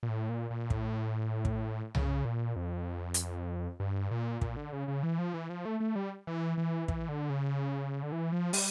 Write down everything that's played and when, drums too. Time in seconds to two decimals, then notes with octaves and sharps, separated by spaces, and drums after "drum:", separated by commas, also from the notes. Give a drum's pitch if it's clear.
0.03 A#2
0.09 A2
0.29 A#2
0.50 A#2
0.70 A2, drum: kick
1.45 drum: kick
1.95 C#3, drum: tom C2
2.25 A#2
2.56 F2
3.14 drum: hi-hat
3.80 G2
4.11 A#2
4.41 A#2, drum: kick
4.56 D3
4.73 C#3
4.88 C#3
5.03 E3
5.19 F3
5.34 E3
5.50 F3
5.65 A3
5.80 A3
5.96 G3
6.27 E3
6.58 E3
6.88 E3, drum: kick
7.09 D3
7.30 C#3
8.03 D3
8.12 E3
8.32 F3
8.53 G3, drum: open hi-hat